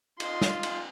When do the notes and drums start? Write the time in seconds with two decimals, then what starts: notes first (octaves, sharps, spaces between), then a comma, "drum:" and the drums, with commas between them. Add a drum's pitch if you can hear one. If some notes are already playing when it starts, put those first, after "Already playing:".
0.20 F4 D#5 C6, drum: cymbal
0.41 drum: snare
0.63 drum: cymbal